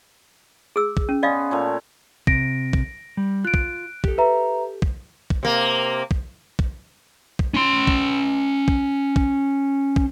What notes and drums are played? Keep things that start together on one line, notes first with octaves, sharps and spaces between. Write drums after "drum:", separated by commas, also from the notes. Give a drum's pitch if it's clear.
G#4 E6
drum: kick
C#4
B3 C#4 D5 D#5 F5 C6
A#2 A3 C#5
C3 A#6 D7, drum: kick
drum: kick
G3
F4 F#6 D7
drum: kick
G4 A4, drum: kick
B4 E5 A#5
drum: kick
drum: kick
C3 A#3
drum: kick
drum: kick
drum: kick
C#4 C6
drum: kick
drum: kick
drum: kick
drum: kick